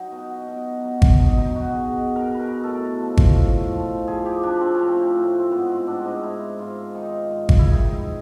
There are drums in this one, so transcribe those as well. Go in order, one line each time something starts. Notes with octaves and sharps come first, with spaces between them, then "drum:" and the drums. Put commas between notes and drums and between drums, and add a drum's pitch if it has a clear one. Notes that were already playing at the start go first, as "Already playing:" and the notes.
Already playing: F#3 D#4
B2
B2
F#3
drum: kick G#1
B2 D#4
D#4
B2 F#4
G#4
B2
A#4
B2
B4
A#4
A2 A4
F3
drum: kick G#1
A2
F3
F3 G#4
G4
F3 D4
C4
A2 C#4
C4
A2
C4
G#2 B3
C4
G#2 D4
D#4
G#2 E4
G#2 F4
D#3 D#4
G#2
drum: kick G#1
E4
D#3 D#4